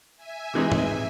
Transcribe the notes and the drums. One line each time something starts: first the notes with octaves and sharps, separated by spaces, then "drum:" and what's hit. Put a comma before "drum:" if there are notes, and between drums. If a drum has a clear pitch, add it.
E5 G#5
C3 E3 G#3 D#4
drum: tom G#2